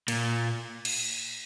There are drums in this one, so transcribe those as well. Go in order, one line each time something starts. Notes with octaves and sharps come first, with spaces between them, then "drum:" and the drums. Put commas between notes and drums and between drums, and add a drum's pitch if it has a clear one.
A#2, drum: cymbal
drum: cymbal